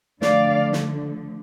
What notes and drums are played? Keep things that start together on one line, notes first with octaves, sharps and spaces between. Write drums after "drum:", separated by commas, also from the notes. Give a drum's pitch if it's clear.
D3 F3 A3 D5 F5, drum: snare
drum: snare